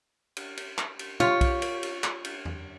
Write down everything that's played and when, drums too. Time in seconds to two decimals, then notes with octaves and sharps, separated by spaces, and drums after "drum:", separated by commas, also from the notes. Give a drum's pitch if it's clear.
0.37 drum: cymbal
0.57 drum: cymbal
0.78 drum: clap
0.99 drum: cymbal
1.20 F4 G4 C#5, drum: tom
1.41 drum: kick B1, cymbal
1.62 drum: cymbal
1.83 drum: cymbal
2.04 drum: clap
2.24 drum: cymbal
2.45 drum: tom E2